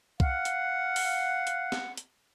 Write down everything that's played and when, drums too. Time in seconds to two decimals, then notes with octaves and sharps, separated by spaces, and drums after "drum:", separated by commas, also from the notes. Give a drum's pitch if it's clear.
0.20 F5 F#5, drum: kick
0.45 drum: hi-hat
0.96 drum: open hi-hat
1.47 drum: hi-hat
1.72 drum: snare
1.97 drum: hi-hat